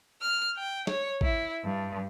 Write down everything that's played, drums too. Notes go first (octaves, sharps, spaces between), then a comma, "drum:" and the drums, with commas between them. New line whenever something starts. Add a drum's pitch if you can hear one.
F6
G5
C#5, drum: snare
E4, drum: kick
G2